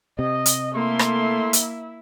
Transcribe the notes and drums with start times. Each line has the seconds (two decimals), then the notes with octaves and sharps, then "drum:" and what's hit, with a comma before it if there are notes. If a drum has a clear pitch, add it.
0.19 C3 D#5
0.46 drum: hi-hat
0.75 A3 A#3 E4 A4 C6
0.99 drum: rim click
1.53 drum: hi-hat